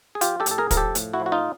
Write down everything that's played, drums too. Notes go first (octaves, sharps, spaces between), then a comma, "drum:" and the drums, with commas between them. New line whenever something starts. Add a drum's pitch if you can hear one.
G#4
F3 F4 G4, drum: hi-hat
G4 A4
A2, drum: hi-hat
A4
G#4 A#4
F3 A#4, drum: kick, hi-hat
G4 A4
A2, drum: hi-hat
E4 F#4
F3
F#4
D#4 F4